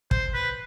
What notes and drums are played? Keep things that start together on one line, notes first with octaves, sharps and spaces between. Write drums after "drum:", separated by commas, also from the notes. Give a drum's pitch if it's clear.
C5, drum: kick
B4